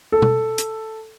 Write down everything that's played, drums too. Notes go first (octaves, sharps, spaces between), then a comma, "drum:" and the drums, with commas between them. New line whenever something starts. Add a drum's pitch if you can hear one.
A4
drum: tom
drum: hi-hat